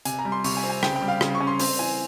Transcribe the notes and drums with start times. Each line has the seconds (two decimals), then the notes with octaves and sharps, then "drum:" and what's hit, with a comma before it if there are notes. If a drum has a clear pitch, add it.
0.05 C3 G#5, drum: hi-hat
0.19 A#5
0.25 G3
0.32 C6
0.44 C3 C#6, drum: open hi-hat
0.57 G#5
0.64 C4
0.69 G#5
0.83 C#3 G5, drum: rim click
0.96 G5
1.02 G3
1.08 F5
1.21 C#3, drum: rim click
1.35 C#6
1.41 C#4
1.47 C6
1.60 C4 C6, drum: open hi-hat
1.79 E3 G#5